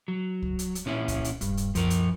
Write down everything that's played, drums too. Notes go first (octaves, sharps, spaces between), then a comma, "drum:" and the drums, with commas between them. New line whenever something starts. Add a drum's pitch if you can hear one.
F#3
drum: kick C2
drum: hi-hat
drum: hi-hat
A#2 C#4 E4
drum: kick C2, hi-hat
drum: hi-hat
D#1 G2, drum: hi-hat
drum: hi-hat
F#2 F3 A#4, drum: kick C2, hi-hat
drum: hi-hat